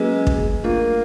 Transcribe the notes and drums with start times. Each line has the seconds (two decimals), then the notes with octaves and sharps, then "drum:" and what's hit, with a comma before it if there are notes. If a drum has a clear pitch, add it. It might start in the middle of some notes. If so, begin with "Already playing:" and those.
Already playing: F#3 G#3 A#3 C#4 F#4 B4
0.27 drum: kick
0.64 A3 A#3 D4 F4